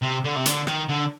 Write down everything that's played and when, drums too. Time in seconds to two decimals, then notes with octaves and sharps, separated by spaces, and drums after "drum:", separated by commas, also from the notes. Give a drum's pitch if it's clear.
0.02 C3
0.24 D3
0.35 C3
0.46 D3, drum: hi-hat
0.67 D#3, drum: rim click
0.88 D3